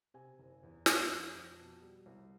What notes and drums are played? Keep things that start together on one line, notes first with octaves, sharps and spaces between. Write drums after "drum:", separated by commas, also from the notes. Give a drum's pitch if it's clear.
C3 G#5
F#1
E2
F2 A5, drum: snare
F2
F2
B2
G3
C2